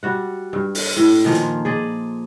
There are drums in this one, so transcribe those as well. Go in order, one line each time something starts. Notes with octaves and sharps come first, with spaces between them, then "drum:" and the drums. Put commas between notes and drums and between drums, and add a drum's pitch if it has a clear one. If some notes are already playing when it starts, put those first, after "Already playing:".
G3 F#4 F#5
G2
drum: open hi-hat
A2
A#2 D#3 F3 A#3
drum: hi-hat
G#4 D5 D#5